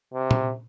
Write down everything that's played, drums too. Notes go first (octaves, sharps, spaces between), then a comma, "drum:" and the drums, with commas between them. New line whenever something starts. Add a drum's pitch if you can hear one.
C3
drum: tom